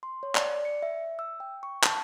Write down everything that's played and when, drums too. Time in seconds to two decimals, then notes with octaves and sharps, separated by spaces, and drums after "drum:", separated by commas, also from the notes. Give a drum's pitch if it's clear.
0.03 C6
0.23 C#5
0.35 D5, drum: clap
0.47 D5
0.65 C#7
0.83 E5
1.19 E6
1.40 G5
1.63 C#6
1.83 A5, drum: clap